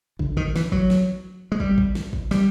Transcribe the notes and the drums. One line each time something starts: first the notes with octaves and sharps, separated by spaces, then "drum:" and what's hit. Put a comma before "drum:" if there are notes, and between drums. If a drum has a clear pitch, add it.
D3, drum: kick
D#3, drum: kick
E3, drum: snare
F#3, drum: kick
drum: snare
G#3
G3, drum: kick
drum: kick
drum: snare
drum: kick
G3, drum: snare